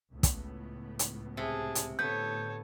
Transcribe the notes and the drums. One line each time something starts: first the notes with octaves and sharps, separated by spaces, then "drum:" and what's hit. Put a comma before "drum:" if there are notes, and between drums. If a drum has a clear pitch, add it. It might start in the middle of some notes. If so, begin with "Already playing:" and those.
C#2 A2 B3
drum: kick, hi-hat
drum: hi-hat
C3 G#4 A5
drum: hi-hat
A2 D3 B3 A4 C#5 G6